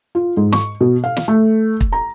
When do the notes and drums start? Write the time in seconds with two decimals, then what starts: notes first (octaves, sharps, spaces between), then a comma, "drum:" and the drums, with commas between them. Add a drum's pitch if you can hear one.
0.15 F4
0.37 G#2
0.52 C#6, drum: snare
0.81 B2
1.04 F5
1.17 drum: snare
1.28 A3
1.81 drum: kick
1.92 A#5